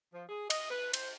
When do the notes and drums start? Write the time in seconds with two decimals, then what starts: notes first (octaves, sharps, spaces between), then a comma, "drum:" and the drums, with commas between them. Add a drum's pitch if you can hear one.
0.13 F3
0.29 G#4
0.50 D#5, drum: cymbal
0.71 B4
0.93 C5, drum: cymbal